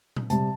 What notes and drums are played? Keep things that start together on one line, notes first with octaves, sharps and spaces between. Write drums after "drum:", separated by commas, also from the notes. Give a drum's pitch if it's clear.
drum: tom A#2
C3 G3 A5, drum: hi-hat